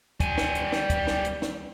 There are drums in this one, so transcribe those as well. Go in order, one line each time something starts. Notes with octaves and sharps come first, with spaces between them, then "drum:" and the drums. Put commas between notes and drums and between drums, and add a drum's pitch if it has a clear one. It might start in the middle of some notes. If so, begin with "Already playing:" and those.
G3 G#5, drum: kick, hi-hat
drum: snare
drum: hi-hat
drum: snare
drum: kick, hi-hat
drum: snare
drum: hi-hat
drum: snare